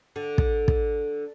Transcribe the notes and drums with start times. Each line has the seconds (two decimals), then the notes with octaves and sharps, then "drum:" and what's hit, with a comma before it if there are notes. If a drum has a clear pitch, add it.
0.16 D3
0.38 drum: kick
0.68 drum: kick